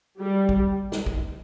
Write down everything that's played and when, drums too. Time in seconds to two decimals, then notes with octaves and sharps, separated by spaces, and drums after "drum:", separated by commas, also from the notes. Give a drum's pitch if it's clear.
0.20 G3
0.49 drum: kick
0.92 drum: snare
1.06 drum: kick